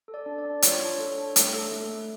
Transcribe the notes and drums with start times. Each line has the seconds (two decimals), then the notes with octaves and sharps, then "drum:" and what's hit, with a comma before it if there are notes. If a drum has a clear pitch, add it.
0.08 A4
0.14 D5
0.26 D4
0.39 D5
0.45 D4
0.62 F4 C#5, drum: hi-hat
0.80 D4
0.99 A4
1.17 D4
1.36 A3, drum: hi-hat
1.54 A4
1.71 A3
1.90 A3